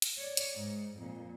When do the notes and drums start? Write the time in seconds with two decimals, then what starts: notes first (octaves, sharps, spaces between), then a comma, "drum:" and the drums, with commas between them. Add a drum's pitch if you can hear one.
0.02 drum: hi-hat
0.18 C#5 D5
0.37 drum: hi-hat
0.56 G#2
0.98 F2 A#2